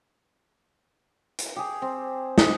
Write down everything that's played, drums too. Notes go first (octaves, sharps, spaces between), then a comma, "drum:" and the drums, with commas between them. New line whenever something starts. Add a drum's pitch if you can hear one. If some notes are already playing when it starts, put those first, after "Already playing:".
drum: hi-hat
G4 G#4
C4
G#4, drum: snare